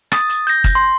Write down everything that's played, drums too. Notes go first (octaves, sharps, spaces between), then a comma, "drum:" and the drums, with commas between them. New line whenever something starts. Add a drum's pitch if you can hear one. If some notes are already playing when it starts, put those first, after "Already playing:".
D#6 A6, drum: rim click
drum: hi-hat
G6 A#6, drum: hi-hat
drum: kick, hi-hat
C6